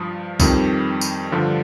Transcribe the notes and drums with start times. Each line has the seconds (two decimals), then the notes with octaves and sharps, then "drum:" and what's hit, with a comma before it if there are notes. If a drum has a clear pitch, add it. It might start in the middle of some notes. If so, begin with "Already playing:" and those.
Already playing: G2 F3 D#6
0.40 F2 D#3 G3, drum: kick B1, tambourine
1.01 drum: tambourine
1.32 G2 D3 F3